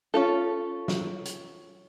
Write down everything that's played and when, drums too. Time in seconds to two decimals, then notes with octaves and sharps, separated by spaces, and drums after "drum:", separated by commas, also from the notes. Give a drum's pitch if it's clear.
0.14 C#4 F4 A4
0.88 drum: snare
1.25 drum: hi-hat